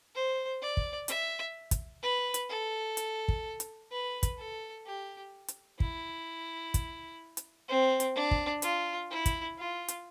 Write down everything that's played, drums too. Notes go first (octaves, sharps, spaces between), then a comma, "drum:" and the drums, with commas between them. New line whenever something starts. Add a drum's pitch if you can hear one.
C5
D5
drum: kick
E5, drum: hi-hat
drum: kick, hi-hat
B4
drum: hi-hat
A4
drum: hi-hat
drum: kick
drum: hi-hat
B4
drum: kick, hi-hat
A4
G4
drum: hi-hat
E4, drum: kick
drum: kick, hi-hat
drum: hi-hat
C4
drum: hi-hat
D4
drum: kick
F4, drum: hi-hat
E4
drum: kick, hi-hat
F4
drum: hi-hat